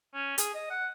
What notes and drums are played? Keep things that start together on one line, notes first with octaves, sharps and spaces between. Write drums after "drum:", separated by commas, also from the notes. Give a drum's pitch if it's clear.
C#4
G#4, drum: hi-hat
D#5
F#5